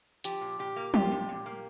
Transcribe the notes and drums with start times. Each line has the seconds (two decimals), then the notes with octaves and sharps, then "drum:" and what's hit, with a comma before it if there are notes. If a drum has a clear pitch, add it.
0.24 F3 G4, drum: hi-hat
0.41 A#2
0.59 A#2 G4
0.76 A#3
0.94 F3 G4, drum: tom
1.11 A#2
1.29 A#2
1.46 A#3